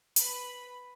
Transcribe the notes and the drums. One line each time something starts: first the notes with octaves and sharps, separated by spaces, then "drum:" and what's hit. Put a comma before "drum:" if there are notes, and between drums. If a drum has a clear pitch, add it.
B4 B5, drum: hi-hat